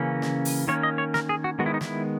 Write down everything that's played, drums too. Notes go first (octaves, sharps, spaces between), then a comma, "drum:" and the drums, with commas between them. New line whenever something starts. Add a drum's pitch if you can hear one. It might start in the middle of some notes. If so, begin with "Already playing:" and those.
Already playing: C#3 E3 A#3 C#4
drum: snare
drum: open hi-hat
D#3 A#3 C#4 C#5
D#5
C#5
A#4, drum: snare
G#4
F#4
D#3 G#3 B3 F#4
E4
D#4
E4, drum: snare